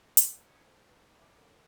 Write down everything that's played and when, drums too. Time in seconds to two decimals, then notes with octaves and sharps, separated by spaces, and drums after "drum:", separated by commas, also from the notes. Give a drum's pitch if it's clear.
0.17 A4, drum: hi-hat
0.46 D#6 G6 G#6 C#7
0.59 A4 C5
0.88 D#4 B4
1.17 E5 F#5 G#5 A5 B5 D6
1.36 A4 A#4 C#5 F#5 A#5